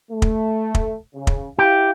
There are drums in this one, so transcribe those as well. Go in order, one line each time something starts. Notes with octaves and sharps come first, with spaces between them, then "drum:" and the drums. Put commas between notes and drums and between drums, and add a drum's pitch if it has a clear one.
A3
drum: kick
drum: kick
C#3
drum: kick
E4 G4 F5